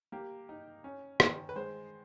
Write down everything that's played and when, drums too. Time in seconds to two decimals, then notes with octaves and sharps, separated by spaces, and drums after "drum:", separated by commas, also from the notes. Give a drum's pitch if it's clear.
0.12 A#3 G4
0.49 D#4
0.84 C#4
1.20 D#3, drum: rim click
1.49 B4
1.56 G#3 C5